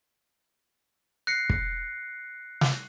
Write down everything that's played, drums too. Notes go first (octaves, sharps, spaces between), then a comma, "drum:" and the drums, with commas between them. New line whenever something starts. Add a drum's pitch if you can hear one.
F#6 A#6 C7 C#7
drum: kick
drum: snare